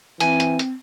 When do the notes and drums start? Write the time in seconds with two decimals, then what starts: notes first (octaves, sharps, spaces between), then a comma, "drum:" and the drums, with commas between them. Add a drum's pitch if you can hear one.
0.20 E3 C4 G#5, drum: hi-hat
0.40 drum: hi-hat
0.59 drum: hi-hat